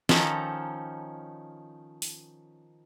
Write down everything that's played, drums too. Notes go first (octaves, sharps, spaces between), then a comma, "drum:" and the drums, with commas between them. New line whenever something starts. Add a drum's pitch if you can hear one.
D#3 F3 C#4 A4 A#5, drum: snare
drum: open hi-hat